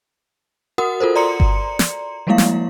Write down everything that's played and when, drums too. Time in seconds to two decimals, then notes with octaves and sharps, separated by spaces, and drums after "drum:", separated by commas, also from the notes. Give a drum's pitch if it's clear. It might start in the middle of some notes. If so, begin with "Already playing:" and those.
0.78 F#4 A#4 F#5 D#6
1.00 F4 A4 A#4 C5
1.15 D5 A#5 C6 C#7
1.40 drum: kick G1
1.79 drum: snare
2.27 F3 G3 G#3 A#3 E4 F5
2.38 drum: snare